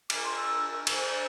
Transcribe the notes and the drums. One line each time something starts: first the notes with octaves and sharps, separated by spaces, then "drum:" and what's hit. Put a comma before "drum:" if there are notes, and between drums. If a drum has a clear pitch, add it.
D4 F4 A#4 D6, drum: cymbal
C6
E6
D4 A4 C5 E6, drum: cymbal